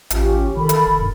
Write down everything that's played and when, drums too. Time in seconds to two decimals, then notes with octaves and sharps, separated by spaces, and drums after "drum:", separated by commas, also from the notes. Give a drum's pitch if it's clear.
0.10 A1 C#4 F4 G4, drum: hi-hat
0.57 D#3 A4 A#4 B5
0.69 drum: hi-hat
0.86 F1
1.01 G2